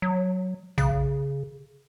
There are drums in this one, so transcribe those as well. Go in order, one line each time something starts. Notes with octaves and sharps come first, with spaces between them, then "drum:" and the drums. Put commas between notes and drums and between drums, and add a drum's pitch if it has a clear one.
F#3
C#3, drum: tom